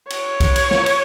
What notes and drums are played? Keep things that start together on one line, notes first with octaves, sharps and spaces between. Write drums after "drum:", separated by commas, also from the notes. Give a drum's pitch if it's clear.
C#5, drum: cymbal
drum: kick, cymbal
drum: cymbal
drum: snare
drum: cymbal